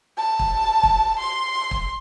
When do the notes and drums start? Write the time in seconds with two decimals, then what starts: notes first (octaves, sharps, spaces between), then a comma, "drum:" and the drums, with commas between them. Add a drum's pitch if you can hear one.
0.17 A5
0.39 drum: kick
0.83 drum: kick
1.19 C6
1.71 drum: kick